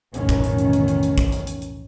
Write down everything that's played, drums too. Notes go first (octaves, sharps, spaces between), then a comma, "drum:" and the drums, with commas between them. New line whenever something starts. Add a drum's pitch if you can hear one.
F1 B1 A2 D#3 E3 C#4, drum: hi-hat
drum: kick, hi-hat
drum: hi-hat
drum: hi-hat
drum: hi-hat
drum: hi-hat
drum: hi-hat
drum: kick, hi-hat
drum: hi-hat
drum: hi-hat
drum: hi-hat